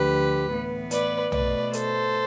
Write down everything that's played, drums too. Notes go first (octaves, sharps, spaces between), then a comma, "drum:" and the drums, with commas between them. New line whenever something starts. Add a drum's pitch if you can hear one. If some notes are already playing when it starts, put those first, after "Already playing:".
Already playing: D2 D3 F3 G4 B4
A2 E3 B3
B4 D5, drum: hi-hat
B2 A3 B4 D5, drum: tom B1
A4 C5, drum: hi-hat